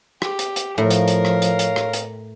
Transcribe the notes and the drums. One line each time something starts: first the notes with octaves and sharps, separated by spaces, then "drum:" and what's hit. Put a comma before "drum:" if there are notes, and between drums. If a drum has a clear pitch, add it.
G4, drum: rim click
drum: hi-hat
drum: hi-hat
A2 F3 A#4 C#5 F5
drum: hi-hat
drum: hi-hat
drum: rim click
drum: hi-hat
drum: hi-hat
drum: rim click
drum: hi-hat